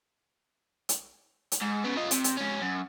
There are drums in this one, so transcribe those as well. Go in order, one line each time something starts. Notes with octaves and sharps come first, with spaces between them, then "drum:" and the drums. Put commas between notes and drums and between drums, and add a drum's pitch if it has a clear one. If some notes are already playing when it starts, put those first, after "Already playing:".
drum: hi-hat
drum: hi-hat
G#2
C#3 B3
F4 D#5
C3, drum: hi-hat
drum: hi-hat
G#2 C#4
F#2